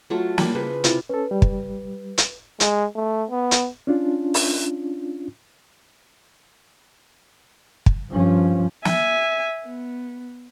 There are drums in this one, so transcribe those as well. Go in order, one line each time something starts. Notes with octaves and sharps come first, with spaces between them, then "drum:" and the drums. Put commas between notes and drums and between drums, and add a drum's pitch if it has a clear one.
F#3 A3 F4
G3 A#3 F5 B5, drum: snare
C#3 B4 C5
C3 E4 F4 F5, drum: hi-hat
C#4 A4 B4
G3
drum: kick
drum: hi-hat
G#3, drum: hi-hat
A3
B3
drum: hi-hat
C#4 D4 F4
drum: open hi-hat
drum: kick
G2 F3 C#4
E5 G#5, drum: snare
B3